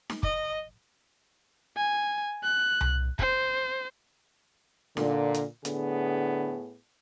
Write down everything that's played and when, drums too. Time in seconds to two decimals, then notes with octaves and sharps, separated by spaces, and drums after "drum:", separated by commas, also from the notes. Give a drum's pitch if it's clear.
0.10 drum: snare D#4
0.23 D#5, drum: kick
1.77 G#5
2.43 F#6
2.81 drum: tom C2
3.19 C5, drum: kick
4.97 A#2 D3, drum: snare D#4
5.34 drum: hi-hat
5.65 A2 D3 B3 G#4, drum: hi-hat